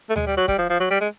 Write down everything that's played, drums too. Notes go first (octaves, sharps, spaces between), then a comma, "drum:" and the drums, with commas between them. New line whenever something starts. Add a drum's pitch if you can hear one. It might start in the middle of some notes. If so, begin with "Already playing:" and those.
A3
G#3, drum: tom D2
G3
F#3
G3, drum: kick
F3
F3
F#3
G3
G#3